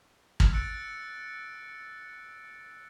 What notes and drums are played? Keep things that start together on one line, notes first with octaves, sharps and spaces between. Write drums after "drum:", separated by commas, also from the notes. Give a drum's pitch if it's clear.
drum: kick
E6 F#6 A6 C#7 D7